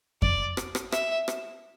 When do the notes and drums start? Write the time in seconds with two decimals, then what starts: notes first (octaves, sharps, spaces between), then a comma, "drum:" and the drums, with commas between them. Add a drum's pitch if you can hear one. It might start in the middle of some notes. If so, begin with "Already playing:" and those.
0.22 D5, drum: kick F2
0.57 drum: rim click
0.75 drum: rim click
0.92 E5, drum: rim click
1.28 drum: rim click